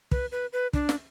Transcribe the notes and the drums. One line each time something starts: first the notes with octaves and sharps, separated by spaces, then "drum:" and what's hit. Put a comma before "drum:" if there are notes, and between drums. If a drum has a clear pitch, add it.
B4, drum: kick
B4
B4
D4, drum: kick
drum: snare